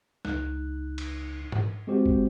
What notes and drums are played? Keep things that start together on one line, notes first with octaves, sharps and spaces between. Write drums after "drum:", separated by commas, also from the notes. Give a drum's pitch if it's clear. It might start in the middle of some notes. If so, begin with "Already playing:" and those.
C#2 D#4 F#6, drum: snare
drum: cymbal
drum: tom G#2
G#3 C4 F#4 G4 C5
drum: kick